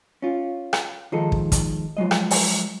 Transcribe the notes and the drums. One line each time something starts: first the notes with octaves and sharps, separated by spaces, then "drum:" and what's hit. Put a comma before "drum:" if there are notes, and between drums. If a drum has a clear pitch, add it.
C#4 F4
drum: rim click
D#3 F3 G#3 D#4 A4
drum: kick
drum: kick, hi-hat
F3 F#3 G#3 D#5
drum: rim click
drum: open hi-hat